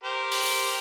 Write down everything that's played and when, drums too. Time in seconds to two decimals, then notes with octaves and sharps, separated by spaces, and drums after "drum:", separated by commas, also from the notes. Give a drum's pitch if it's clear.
0.04 G4 A#4 C5
0.32 drum: open hi-hat